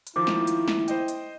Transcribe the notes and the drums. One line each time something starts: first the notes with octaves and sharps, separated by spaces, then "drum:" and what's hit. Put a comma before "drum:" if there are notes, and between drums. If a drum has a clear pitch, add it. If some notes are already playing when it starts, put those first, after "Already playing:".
drum: hi-hat
D#3 F3 E4 D6
drum: snare
drum: hi-hat
drum: snare
C5 D#5 G5, drum: hi-hat
drum: hi-hat